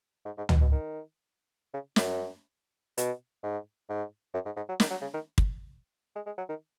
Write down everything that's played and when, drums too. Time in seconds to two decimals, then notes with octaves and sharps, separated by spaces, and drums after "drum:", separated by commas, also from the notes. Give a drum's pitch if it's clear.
0.25 G#2
0.38 G#2
0.49 B2, drum: tom
0.61 B2
0.72 D#3
1.74 C#3
1.96 F#2, drum: snare
2.98 B2, drum: hi-hat
3.43 G#2
3.89 G#2
4.34 F#2
4.45 G#2
4.56 G#2
4.69 F#3
4.80 D#3, drum: snare
4.90 F#3
5.01 C#3
5.14 D#3
5.38 drum: kick
6.15 G#3
6.26 G#3
6.38 F#3
6.49 D#3